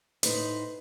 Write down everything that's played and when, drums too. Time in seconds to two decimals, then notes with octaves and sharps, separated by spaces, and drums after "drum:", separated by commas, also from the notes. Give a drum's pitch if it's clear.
0.23 A2 D#4 B4 C5, drum: hi-hat